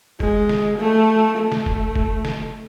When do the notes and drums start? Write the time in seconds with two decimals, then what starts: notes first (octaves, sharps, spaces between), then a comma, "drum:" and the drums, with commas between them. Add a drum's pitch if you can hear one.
0.20 G#3, drum: kick F1
0.49 drum: snare
0.78 A3
1.38 A3
1.52 drum: snare
1.66 drum: kick F1
1.95 drum: kick F1
2.25 drum: snare